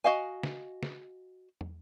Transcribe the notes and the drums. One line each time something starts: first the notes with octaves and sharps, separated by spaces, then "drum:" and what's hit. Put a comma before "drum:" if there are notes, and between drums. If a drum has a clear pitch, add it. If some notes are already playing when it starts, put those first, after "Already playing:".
F#4 D#5 F5 G#5
drum: snare
drum: snare
drum: tom